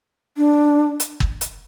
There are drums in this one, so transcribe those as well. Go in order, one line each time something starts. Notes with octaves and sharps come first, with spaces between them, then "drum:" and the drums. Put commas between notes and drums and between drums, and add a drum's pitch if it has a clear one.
D4
drum: hi-hat
drum: kick
drum: hi-hat